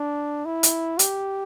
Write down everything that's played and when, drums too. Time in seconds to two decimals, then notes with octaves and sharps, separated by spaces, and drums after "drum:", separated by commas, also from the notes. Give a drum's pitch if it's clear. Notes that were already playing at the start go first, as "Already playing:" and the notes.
Already playing: D4
0.45 E4
0.63 drum: hi-hat
0.99 G4, drum: hi-hat